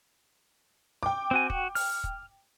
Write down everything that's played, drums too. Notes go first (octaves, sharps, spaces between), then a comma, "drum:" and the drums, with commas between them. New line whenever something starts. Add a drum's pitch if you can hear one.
G5 D6
C4 F#4 G#5
F#4, drum: kick
F6, drum: open hi-hat
drum: kick